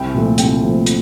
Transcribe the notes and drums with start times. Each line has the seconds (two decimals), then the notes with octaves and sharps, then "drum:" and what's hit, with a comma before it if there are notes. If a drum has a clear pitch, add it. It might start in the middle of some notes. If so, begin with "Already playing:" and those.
Already playing: C2 G5
0.14 A#2 F3 A3
0.38 C2 G5, drum: hi-hat
0.63 A#2 F3 A3
0.86 drum: hi-hat